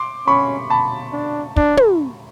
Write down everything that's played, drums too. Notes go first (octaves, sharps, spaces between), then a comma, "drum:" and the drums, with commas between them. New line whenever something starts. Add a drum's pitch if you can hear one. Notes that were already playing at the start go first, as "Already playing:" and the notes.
Already playing: C6 D6
C#4 B5 C#6
A5 B5
D4
D4, drum: kick
drum: tom